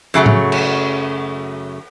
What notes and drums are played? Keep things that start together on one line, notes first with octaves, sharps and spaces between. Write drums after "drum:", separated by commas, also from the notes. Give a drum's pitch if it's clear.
F#2 C#3 F#3 A3
drum: tom A2
drum: cymbal